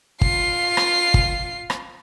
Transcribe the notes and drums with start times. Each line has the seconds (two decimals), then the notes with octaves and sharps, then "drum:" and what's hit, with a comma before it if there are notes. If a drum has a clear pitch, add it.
0.21 F4 C7, drum: kick
0.77 drum: rim click
1.14 drum: kick
1.70 drum: rim click